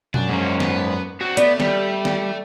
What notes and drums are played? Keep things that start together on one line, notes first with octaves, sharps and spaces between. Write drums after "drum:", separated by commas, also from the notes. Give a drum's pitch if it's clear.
F#2 D4, drum: tom B2
G#2 F3 A#3 C#4
B3 B4, drum: snare
C4 D4 F#4
A3 B3 D5, drum: hi-hat
G3, drum: snare
drum: snare